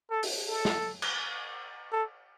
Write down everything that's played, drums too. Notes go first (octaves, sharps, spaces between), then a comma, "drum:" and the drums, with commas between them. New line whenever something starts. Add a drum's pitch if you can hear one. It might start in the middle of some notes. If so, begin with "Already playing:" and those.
A4
drum: open hi-hat
A4
drum: snare
drum: cymbal
A4